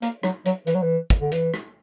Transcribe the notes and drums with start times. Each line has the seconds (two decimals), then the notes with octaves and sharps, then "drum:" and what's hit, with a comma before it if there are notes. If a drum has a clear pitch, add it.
0.02 A#3, drum: hi-hat
0.23 F#3, drum: rim click
0.46 F#3, drum: hi-hat
0.67 E3, drum: hi-hat
0.75 F#3
0.83 E3
1.10 drum: kick, hi-hat
1.21 D3
1.32 E3, drum: hi-hat
1.54 drum: rim click